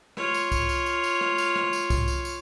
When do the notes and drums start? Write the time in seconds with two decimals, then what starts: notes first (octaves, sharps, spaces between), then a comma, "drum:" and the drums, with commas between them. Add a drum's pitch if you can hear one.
0.17 F4 C#5, drum: rim click
0.34 drum: tambourine
0.52 drum: kick C2, tambourine
0.69 drum: tambourine
0.86 drum: tambourine
1.04 drum: tambourine
1.21 drum: rim click
1.38 drum: tambourine
1.56 drum: rim click
1.73 drum: tambourine
1.90 drum: kick C2, tambourine
2.08 drum: tambourine
2.25 drum: tambourine